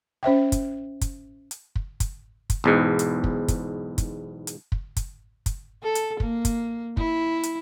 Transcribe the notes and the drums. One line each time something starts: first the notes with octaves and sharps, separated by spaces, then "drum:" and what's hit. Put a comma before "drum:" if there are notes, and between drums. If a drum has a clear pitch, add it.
C#4 C5 E5 G5
drum: kick, hi-hat
drum: kick, hi-hat
drum: hi-hat
drum: kick
drum: kick, hi-hat
drum: kick, hi-hat
B1 E2 G#2
drum: hi-hat
drum: kick
drum: kick, hi-hat
drum: kick, hi-hat
drum: hi-hat
drum: kick
drum: kick, hi-hat
drum: kick, hi-hat
A4
drum: hi-hat
A#3, drum: kick
drum: kick, hi-hat
E4, drum: kick
drum: hi-hat